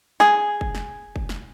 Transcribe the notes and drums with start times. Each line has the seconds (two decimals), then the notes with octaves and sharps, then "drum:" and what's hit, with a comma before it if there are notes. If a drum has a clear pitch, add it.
0.20 G#4, drum: snare
0.61 drum: kick
0.75 drum: snare
1.16 drum: kick
1.29 drum: snare